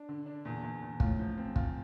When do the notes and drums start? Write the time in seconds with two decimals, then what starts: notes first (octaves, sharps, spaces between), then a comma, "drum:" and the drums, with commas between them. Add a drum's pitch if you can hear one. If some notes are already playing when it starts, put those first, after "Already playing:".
Already playing: D4
0.09 D3
0.26 D4
0.45 E2 A#2
0.63 E2
0.82 E2
1.00 A2 F4, drum: kick
1.19 F3
1.37 C4
1.56 F4, drum: kick